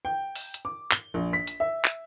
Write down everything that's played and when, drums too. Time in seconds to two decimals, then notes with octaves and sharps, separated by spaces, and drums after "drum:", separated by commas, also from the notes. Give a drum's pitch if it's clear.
0.05 G5
0.36 drum: open hi-hat
0.54 drum: hi-hat
0.65 D6
0.91 G7, drum: clap
1.14 A#1
1.33 B6
1.47 drum: hi-hat
1.60 E5
1.85 drum: clap